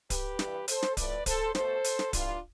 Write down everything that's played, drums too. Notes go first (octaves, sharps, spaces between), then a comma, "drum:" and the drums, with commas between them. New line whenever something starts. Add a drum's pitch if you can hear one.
G4 B4, drum: kick D1, hi-hat
G2 E3 G3, drum: snare
A4 C5, drum: hi-hat
drum: snare
A2 F3 A3 B4 D5, drum: kick D1, hi-hat
A4 C5, drum: kick D1, hi-hat
B2 A3 A4 C5, drum: snare
drum: hi-hat
drum: snare
G2 E3 G3 D4 F4, drum: kick D1, hi-hat